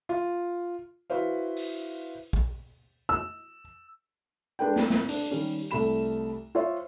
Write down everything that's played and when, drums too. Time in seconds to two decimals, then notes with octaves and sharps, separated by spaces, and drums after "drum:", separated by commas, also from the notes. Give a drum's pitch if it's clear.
0.09 F4
1.10 E4 F#4 B4 C5 F5
1.56 drum: open hi-hat
2.33 drum: kick
3.09 E6
4.59 G#3 D4 B4 G5
4.76 C4, drum: snare
4.90 drum: snare
5.08 D4, drum: open hi-hat
5.31 D#3 G3 C#4
5.71 C2 A3 G4 B5 E7
6.55 F4 C5 C#5 E5